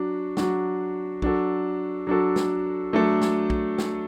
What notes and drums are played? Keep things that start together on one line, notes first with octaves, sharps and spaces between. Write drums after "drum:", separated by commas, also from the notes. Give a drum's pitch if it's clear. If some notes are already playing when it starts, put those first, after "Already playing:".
Already playing: F#3 D4 F#4
F#3 D4 F#4, drum: snare
F#3 D4 F#4 A4, drum: kick
F#3 D4 F#4 A4
drum: snare
F#3 A3 D4 A4
drum: snare
drum: kick
drum: snare